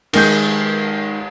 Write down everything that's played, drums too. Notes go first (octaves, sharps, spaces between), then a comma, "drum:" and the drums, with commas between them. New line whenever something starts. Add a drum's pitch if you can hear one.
D#3 G#3 G6, drum: cymbal